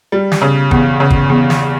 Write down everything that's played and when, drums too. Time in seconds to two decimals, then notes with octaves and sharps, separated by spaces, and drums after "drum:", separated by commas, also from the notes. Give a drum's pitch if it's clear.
0.12 G3
0.32 drum: snare
0.42 C#3
0.71 E2, drum: kick
1.00 C#3
1.10 drum: kick
1.30 E2
1.50 drum: snare